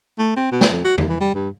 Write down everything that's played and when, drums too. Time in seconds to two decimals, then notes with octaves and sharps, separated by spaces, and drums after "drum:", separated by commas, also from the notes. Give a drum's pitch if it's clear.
0.18 A3
0.36 C4
0.52 B2
0.61 drum: snare
0.72 F2
0.85 F#4
0.98 D#2, drum: tom E2
1.09 E3
1.21 G3
1.35 G2